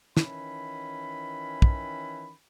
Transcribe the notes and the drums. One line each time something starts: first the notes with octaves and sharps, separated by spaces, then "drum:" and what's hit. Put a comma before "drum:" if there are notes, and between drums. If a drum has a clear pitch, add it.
D#3 E3 C#4 B5, drum: snare
drum: kick